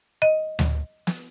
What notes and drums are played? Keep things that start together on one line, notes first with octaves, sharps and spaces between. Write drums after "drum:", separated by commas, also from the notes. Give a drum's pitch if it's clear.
D#5
drum: tom D2
drum: snare